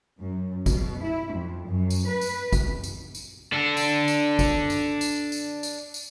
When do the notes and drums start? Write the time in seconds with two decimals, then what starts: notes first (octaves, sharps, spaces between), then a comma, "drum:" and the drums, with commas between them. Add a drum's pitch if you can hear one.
0.19 F#2
0.66 B2, drum: kick, tambourine
1.03 E4
1.32 F2
1.67 F#2
1.90 drum: tambourine
2.06 B4
2.21 drum: tambourine
2.53 drum: kick, tambourine
2.84 drum: tambourine
3.15 drum: tambourine
3.53 D4 A4
3.77 drum: tambourine
4.08 drum: tambourine
4.39 drum: kick, tambourine
4.70 drum: tambourine
5.01 drum: tambourine
5.32 drum: tambourine
5.63 drum: tambourine
5.94 drum: tambourine